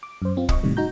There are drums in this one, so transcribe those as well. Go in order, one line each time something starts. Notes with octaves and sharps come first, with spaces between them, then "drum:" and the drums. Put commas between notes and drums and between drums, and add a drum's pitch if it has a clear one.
D6
F#2 C5
C4 F4
D#5 C#6, drum: kick
A2 C3 D#3 G3
D#4 F#4 A#5 G6